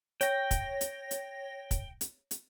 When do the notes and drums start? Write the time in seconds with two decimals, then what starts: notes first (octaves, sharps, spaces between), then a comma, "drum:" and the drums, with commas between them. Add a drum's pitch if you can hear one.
0.21 C#5 G5 A#6, drum: hi-hat
0.51 drum: kick, hi-hat
0.81 drum: hi-hat
1.11 drum: hi-hat
1.71 drum: kick, hi-hat
2.01 drum: hi-hat
2.31 drum: hi-hat